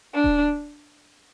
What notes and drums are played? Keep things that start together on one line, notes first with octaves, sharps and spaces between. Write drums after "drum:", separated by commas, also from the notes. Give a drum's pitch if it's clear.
D4
drum: kick D#1